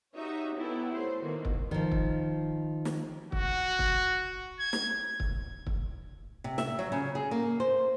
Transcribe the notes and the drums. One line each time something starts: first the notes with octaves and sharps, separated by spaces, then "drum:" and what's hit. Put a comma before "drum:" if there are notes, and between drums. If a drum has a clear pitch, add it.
D#4 F#4 G4 C#5 E5
F#3 B3 E4 G4 A4
A3 C5
B2 D#3 A3 A#3 F#4
drum: kick
D#3 F3
drum: kick
drum: snare
F#4, drum: kick
drum: kick
G#6
drum: snare
drum: kick
drum: kick
C3
E5, drum: snare
F#3
C#3
G#4
A#3
C5